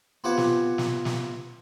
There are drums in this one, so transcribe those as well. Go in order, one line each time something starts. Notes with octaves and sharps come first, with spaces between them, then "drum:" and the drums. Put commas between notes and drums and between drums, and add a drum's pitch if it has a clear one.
B3 C4 F4 G4 F#5 G#5
drum: snare
drum: snare
drum: snare